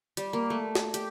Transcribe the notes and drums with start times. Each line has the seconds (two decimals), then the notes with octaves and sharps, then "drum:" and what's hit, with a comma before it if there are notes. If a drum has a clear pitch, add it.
0.17 G3, drum: hi-hat
0.33 A#3
0.50 A3
0.75 drum: snare
0.94 G4, drum: hi-hat